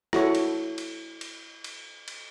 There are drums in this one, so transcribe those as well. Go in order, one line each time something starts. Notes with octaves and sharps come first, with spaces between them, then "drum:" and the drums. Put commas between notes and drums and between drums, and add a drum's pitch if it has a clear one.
E4 F#4 A4 C#5, drum: rim click
drum: cymbal
drum: cymbal
drum: cymbal
drum: cymbal
drum: cymbal